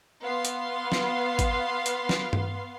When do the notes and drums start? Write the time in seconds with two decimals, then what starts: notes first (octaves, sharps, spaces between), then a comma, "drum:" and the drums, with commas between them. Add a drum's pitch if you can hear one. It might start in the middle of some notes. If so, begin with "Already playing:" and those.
0.21 B3 F5 C6
0.45 drum: hi-hat
0.92 drum: snare
1.39 drum: kick G#1, hi-hat
1.86 drum: hi-hat
2.09 drum: snare
2.33 drum: tom G2